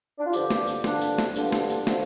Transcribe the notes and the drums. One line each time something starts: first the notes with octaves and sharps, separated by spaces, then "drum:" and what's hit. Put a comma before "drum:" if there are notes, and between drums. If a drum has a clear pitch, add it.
D4
F4
G2 D3 F3 G4, drum: tambourine
drum: snare
drum: tambourine
G2 D3 F3 D4, drum: snare
drum: tambourine
drum: snare
G2 D3 F3 D4, drum: tambourine
drum: snare
drum: tambourine
D3 F3, drum: snare